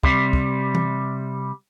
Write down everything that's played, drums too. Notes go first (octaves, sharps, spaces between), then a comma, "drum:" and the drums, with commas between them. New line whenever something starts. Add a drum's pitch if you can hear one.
C3 G3, drum: kick
drum: kick
drum: tom E3